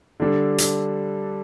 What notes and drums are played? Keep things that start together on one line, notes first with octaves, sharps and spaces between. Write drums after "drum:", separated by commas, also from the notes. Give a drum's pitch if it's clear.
D3 G3 D4 A4
drum: hi-hat